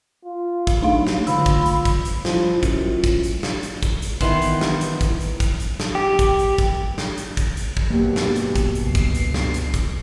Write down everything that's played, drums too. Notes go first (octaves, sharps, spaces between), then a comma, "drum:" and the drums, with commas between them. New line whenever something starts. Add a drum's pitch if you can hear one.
F4
drum: kick, hi-hat
F#3 A3 D4 D#4 F5
drum: snare
D3 F4 B5 E6, drum: hi-hat
drum: kick, hi-hat
drum: hi-hat
drum: kick, hi-hat
drum: hi-hat
F3 G3 E4, drum: snare
F#2, drum: kick, hi-hat
F4
drum: kick, hi-hat
drum: hi-hat
drum: snare
drum: hi-hat
drum: kick, hi-hat
drum: hi-hat
D#3 E3 B3 C6, drum: kick, hi-hat
drum: hi-hat
drum: snare
drum: hi-hat
drum: kick, hi-hat
drum: hi-hat
drum: kick, hi-hat
drum: hi-hat
drum: snare
G4
drum: kick, hi-hat
drum: hi-hat
drum: kick, hi-hat
drum: snare
drum: hi-hat
drum: kick, hi-hat
drum: hi-hat
drum: kick
G2 B2 F#3 A#3 G4
drum: snare
drum: hi-hat
drum: kick, hi-hat
drum: hi-hat
C#2 C7
drum: kick, hi-hat
drum: hi-hat
drum: snare
drum: hi-hat
drum: kick, hi-hat